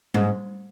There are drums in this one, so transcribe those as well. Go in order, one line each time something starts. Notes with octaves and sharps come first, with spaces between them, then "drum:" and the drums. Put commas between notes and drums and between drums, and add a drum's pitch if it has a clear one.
G#2, drum: tom G3